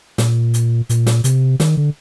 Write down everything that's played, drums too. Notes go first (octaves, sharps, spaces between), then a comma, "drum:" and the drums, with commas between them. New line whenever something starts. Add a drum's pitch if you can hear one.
A#2, drum: snare
drum: hi-hat
A#2, drum: hi-hat
drum: snare
C3, drum: hi-hat
D#3, drum: snare
D3